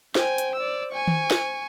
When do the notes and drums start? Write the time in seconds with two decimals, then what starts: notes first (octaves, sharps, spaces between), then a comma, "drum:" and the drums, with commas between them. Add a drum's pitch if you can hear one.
0.15 C5 G5 G#5, drum: snare
0.38 drum: hi-hat
0.55 D5 E6
0.93 G#5 C#6
1.08 drum: tom D#3
1.31 drum: snare